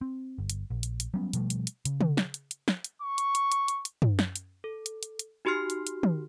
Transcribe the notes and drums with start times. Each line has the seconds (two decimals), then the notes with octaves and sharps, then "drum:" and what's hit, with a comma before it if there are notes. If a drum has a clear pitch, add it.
0.01 C4
0.38 G1
0.50 drum: hi-hat
0.70 A#1
0.83 drum: hi-hat
1.00 drum: hi-hat
1.14 F#3 G3 B3 C#4
1.33 B2 F3 G3 A3, drum: hi-hat
1.50 drum: hi-hat
1.67 drum: hi-hat
1.85 C#3, drum: hi-hat
2.01 drum: tom
2.17 drum: snare
2.34 drum: hi-hat
2.51 drum: hi-hat
2.68 drum: snare
2.84 drum: hi-hat
3.02 C#6
3.18 drum: hi-hat
3.35 drum: hi-hat
3.52 drum: hi-hat
3.68 drum: hi-hat
3.85 drum: hi-hat
4.02 drum: tom
4.19 drum: snare
4.36 drum: hi-hat
4.64 A4
4.86 drum: hi-hat
5.03 drum: hi-hat
5.19 drum: hi-hat
5.45 D#4 F#4 G4 C6 F6 C7
5.70 drum: hi-hat
5.87 drum: hi-hat
6.03 drum: tom